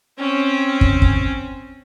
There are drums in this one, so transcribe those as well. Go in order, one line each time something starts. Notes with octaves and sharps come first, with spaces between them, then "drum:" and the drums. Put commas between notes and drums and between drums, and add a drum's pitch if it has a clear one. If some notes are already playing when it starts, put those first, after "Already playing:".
C4 C#4
drum: kick
drum: kick